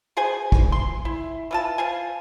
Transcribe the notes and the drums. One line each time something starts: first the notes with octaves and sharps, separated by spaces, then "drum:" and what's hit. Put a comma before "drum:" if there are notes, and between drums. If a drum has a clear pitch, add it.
B2 G#4 C5 G#5
drum: kick
C6
E4
E3 F4 A5
F3 F5 G#5